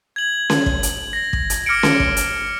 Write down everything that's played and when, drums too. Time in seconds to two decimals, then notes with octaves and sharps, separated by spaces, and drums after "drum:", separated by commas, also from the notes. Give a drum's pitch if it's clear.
0.16 G#6 F#7
0.50 drum: snare C#4
0.66 drum: kick
0.83 drum: hi-hat
1.13 A#6
1.33 drum: kick
1.50 drum: hi-hat
1.66 D6 F6 A#6 C#7 D7
1.83 drum: snare C#4
2.00 drum: kick
2.17 drum: hi-hat